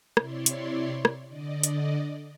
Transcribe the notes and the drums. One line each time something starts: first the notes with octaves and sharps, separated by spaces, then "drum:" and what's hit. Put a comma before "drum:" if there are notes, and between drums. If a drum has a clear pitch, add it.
C3 E4 C#5 D5 C6, drum: rim click
drum: hi-hat
drum: rim click
D3 D5 D#5
drum: hi-hat